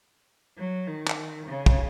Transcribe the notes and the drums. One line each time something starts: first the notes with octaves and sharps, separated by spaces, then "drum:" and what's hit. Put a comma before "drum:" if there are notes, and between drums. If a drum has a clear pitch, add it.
F#3
D#3
drum: clap
C#3
drum: kick